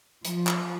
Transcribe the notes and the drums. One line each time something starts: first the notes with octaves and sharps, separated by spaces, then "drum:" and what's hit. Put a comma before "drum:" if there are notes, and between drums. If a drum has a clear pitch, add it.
F3, drum: hi-hat
drum: clap